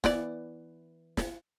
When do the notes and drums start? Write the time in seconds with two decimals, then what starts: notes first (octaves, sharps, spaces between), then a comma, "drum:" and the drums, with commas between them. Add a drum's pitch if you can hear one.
0.04 E3 B3 D5, drum: snare
1.17 drum: snare